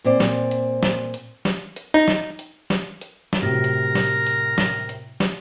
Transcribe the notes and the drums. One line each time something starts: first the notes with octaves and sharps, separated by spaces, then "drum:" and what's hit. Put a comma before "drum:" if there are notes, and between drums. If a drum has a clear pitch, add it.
A#2 C4 C5 D5
drum: snare
drum: hi-hat
drum: snare
drum: hi-hat
drum: snare
drum: hi-hat
D#4
drum: snare
drum: hi-hat
drum: snare
drum: hi-hat
drum: snare
A2 C3 F#3 A#4
drum: hi-hat
drum: snare
drum: hi-hat
drum: snare
drum: hi-hat
drum: snare